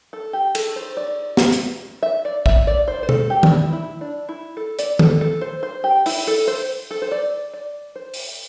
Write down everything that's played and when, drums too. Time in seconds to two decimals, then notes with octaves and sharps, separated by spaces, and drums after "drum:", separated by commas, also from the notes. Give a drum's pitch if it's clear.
0.13 A4
0.33 G4
0.55 A4, drum: cymbal
0.76 C5
0.97 D5
1.37 drum: snare
1.52 drum: hi-hat
2.03 E5
2.25 D5
2.46 E5, drum: kick A#1
2.67 D5
2.88 C5
3.03 C5
3.09 A4, drum: tom B2
3.30 G4
3.43 D4, drum: tom D#3
3.51 E4
3.73 E4
4.01 D4
4.29 E4
4.57 A4
4.79 D5, drum: hi-hat
4.99 A4, drum: tom D#3
5.21 A4
5.41 C5
5.63 C5
5.84 G4
6.06 E4, drum: open hi-hat
6.27 A4
6.47 C5
6.91 A4
7.02 C5
7.11 D5
7.53 D5
7.96 C5
8.14 drum: open hi-hat